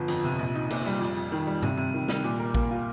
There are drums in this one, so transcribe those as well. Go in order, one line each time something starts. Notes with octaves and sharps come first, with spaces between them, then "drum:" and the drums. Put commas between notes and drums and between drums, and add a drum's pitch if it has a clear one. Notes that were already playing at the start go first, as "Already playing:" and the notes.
Already playing: G1 F3
F2, drum: hi-hat
C3
A#1
D#4
A#2, drum: cymbal
G3
F2
F2
D#3
G3
C3, drum: tom G2
C3
D#3
G3, drum: snare
A#2
A#4
A#3, drum: kick A1
F4